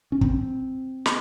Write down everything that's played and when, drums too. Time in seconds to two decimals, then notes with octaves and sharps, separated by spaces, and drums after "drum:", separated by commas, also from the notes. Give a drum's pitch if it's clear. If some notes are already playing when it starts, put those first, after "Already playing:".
0.12 C#4
0.21 C4, drum: kick
1.06 drum: snare